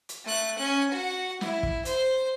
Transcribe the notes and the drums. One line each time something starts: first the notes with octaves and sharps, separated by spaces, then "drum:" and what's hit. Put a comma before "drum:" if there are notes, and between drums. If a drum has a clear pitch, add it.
drum: hi-hat
A3 F#6
C#4 F#6
F#4 F#5
E4, drum: snare
drum: kick
C5, drum: hi-hat